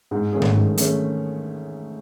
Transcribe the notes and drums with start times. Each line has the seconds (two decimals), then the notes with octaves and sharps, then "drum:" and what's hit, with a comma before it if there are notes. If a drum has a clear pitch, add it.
0.11 G#2
0.33 D#3 A3 C#4 G#4
0.42 drum: tom G#2
0.55 G#2
0.78 D#3 A3 C#4 G#4, drum: hi-hat